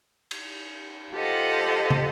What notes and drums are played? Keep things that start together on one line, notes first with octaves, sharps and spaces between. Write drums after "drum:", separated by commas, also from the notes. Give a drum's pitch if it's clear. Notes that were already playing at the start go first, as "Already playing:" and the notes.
drum: cymbal
F4 G4 A4 C5 D#5 F#5
drum: tom